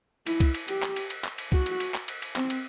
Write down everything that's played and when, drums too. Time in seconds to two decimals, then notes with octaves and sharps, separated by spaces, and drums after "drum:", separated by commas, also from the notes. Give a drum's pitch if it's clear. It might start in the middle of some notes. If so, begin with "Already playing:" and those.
0.26 E4, drum: cymbal
0.40 drum: kick C2, cymbal
0.54 drum: cymbal
0.68 G4, drum: cymbal
0.82 drum: clap
0.96 drum: cymbal
1.10 drum: cymbal
1.24 drum: clap
1.38 drum: cymbal
1.52 F#4, drum: kick C2
1.66 drum: cymbal
1.80 drum: cymbal
1.94 drum: clap
2.08 drum: cymbal
2.22 drum: cymbal
2.36 C4, drum: clap
2.50 drum: cymbal